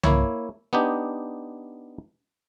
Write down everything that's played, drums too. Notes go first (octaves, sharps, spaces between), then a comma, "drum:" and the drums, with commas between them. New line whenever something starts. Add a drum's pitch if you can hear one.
A#3 E4 C#5, drum: tom C2
B3 D4 D#4 G4